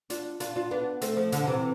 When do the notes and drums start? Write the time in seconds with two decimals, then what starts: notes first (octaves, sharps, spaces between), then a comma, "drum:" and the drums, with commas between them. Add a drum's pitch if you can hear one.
0.10 D4 F4, drum: hi-hat
0.40 D4 F4, drum: hi-hat
0.56 D4 F4
0.71 B3 D4
1.02 A3 C4, drum: hi-hat
1.17 F3 A3
1.32 D3 F3, drum: hi-hat
1.47 C3 E3